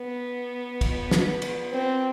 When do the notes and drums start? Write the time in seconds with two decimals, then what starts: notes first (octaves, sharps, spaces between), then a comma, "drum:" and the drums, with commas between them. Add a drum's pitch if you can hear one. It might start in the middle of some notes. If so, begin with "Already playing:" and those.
Already playing: B3
0.81 drum: kick, cymbal
1.11 drum: snare
1.42 drum: cymbal
1.72 C4